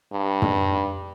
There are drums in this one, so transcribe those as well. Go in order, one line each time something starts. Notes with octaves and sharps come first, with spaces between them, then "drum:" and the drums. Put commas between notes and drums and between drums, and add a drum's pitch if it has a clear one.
G2
drum: tom